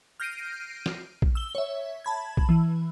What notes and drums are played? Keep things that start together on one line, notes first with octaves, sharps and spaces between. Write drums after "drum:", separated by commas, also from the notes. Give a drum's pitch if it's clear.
F6 G6 A#6 C7 D7 D#7
drum: snare
drum: kick A#1
E6 G7
C#5 E5
A5 B5 G#6
drum: kick A#1
E3